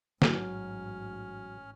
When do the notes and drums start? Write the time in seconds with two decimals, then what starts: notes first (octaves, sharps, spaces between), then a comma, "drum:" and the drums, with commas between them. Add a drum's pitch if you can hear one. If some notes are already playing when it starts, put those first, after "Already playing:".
0.22 A1 G#2 F#3 C#4 F6, drum: snare